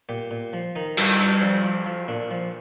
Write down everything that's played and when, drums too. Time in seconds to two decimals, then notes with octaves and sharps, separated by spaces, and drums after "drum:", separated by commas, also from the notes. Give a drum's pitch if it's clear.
0.09 A#2 G4
0.31 A#2
0.53 F3
0.75 D#3 D#4
0.97 G2, drum: cymbal
1.09 D#4
1.20 G2
1.42 F3 D4
1.64 F3
1.86 F3
2.08 A#2 D4
2.31 F3